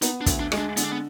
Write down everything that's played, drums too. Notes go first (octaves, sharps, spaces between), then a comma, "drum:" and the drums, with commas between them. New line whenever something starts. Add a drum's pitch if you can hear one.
B3 D#4, drum: hi-hat
D4
D2, drum: kick, hi-hat
D4
G#3, drum: rim click
D4
D3 B3, drum: hi-hat
D4
B3